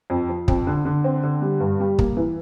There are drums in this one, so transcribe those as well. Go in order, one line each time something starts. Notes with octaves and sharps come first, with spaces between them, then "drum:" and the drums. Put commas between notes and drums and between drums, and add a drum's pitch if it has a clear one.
F2
F3
F2, drum: kick
D3
D3
C4
D3
G3
G2
G3
A#3, drum: kick
E3